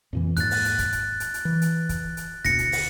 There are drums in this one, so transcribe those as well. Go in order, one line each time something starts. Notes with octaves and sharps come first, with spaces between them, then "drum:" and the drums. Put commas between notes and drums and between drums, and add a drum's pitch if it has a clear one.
F2 A#2 E3
D#2 G#2 F#6 A6, drum: hi-hat
drum: open hi-hat
drum: hi-hat
drum: kick, hi-hat
drum: hi-hat
drum: hi-hat
drum: hi-hat
E3
drum: hi-hat
drum: kick, hi-hat
drum: hi-hat
D2 B2 A#6 C#7, drum: kick, hi-hat
drum: hi-hat
drum: open hi-hat